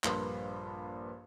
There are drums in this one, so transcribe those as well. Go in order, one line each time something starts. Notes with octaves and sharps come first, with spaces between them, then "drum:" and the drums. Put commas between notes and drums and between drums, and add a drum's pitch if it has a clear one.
A#1 G2 A#4 B4 C6, drum: clap